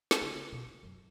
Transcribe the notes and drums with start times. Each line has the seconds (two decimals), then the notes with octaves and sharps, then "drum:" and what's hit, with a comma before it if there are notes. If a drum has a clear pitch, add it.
0.11 drum: snare
0.21 C#3
0.52 B2
0.83 F#2